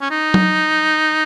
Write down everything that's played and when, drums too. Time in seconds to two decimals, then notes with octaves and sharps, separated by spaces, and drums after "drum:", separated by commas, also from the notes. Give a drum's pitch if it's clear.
0.01 C#4
0.11 D#4
0.34 drum: tom F#3